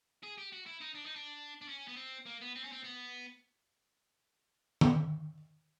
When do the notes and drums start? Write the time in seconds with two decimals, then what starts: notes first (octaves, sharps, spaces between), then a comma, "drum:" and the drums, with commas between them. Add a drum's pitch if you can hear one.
0.23 G#4
0.38 G4
0.52 F#4
0.66 E4
0.81 D#4
0.95 D4
1.05 D#4
1.16 D4
1.61 D4
1.68 C#4
1.88 B3
1.96 C4
2.26 A#3
2.41 B3
2.55 C4
2.64 C#4
2.72 C4
2.84 B3
4.81 drum: tom D#3